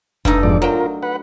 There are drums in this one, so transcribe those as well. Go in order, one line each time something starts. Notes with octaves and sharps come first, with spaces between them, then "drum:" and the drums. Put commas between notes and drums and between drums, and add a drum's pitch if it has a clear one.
G2 A3 D#4, drum: kick F1
F2 G#2 D5
F#3 F4 A#4 G5
B4 F#5